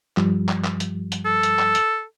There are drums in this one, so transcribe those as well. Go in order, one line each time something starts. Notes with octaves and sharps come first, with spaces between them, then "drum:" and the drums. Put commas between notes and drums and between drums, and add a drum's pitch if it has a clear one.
G2 F3 G3, drum: clap
drum: clap
drum: clap
drum: hi-hat
drum: hi-hat
A4
drum: hi-hat
drum: clap
drum: hi-hat